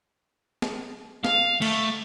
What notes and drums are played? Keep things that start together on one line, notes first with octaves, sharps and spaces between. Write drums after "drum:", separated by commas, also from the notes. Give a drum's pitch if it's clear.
drum: snare
F5, drum: snare
A3, drum: cymbal